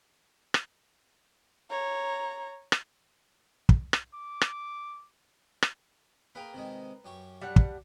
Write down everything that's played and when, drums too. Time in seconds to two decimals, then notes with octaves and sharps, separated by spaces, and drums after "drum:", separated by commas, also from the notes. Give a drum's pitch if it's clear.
0.54 drum: rim click
1.70 C#5 A#5
2.72 drum: rim click
3.69 drum: kick
3.93 drum: rim click
4.14 D6
4.41 drum: rim click
5.63 drum: rim click
6.35 A#3 G#4 B4 G5 A#5
6.54 C3 D#3 G#3
7.05 F#2 G4 C#6
7.41 G3 D4 F#5
7.56 drum: kick